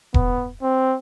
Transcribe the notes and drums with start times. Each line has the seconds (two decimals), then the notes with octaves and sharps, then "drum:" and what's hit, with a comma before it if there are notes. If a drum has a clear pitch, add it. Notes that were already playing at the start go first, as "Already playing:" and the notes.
0.14 B3, drum: kick E1
0.63 C4